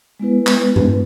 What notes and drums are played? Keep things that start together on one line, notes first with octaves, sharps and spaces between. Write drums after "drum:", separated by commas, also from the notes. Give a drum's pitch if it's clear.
G#3 B3 E4 B4
drum: clap
drum: tom G2